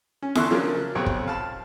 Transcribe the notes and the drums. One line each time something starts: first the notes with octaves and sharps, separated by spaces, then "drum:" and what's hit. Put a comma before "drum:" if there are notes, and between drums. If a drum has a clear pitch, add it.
C#4
E2 D3 E4 C6 C#6 F#6, drum: snare F4
C#3 F3 F#3 A#3 C#4 D4
B1 F2 C4 G4 C#5
drum: kick
F5 A5 B5